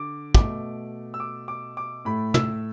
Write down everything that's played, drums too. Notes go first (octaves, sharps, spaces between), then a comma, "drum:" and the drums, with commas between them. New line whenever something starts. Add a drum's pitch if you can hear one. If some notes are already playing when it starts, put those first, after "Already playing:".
Already playing: D3 D6
B2 A3 D6, drum: kick
E6
D6
D6
D6
A2 A3 B5
E6, drum: tom